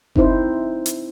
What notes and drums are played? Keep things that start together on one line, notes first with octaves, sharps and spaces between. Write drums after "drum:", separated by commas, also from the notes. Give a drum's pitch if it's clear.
C4 D#4 E4 C5, drum: kick F#1
drum: hi-hat